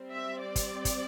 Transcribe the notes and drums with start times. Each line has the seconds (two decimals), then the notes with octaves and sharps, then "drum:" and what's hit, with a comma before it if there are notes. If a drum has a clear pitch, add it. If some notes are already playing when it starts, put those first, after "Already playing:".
Already playing: G3 C4
0.12 E5
0.41 D5
0.56 drum: kick, hi-hat
0.85 drum: kick, hi-hat